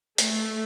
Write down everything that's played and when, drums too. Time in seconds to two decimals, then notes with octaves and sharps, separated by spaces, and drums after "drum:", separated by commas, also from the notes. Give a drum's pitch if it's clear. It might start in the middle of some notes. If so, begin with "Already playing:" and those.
0.18 A3, drum: hi-hat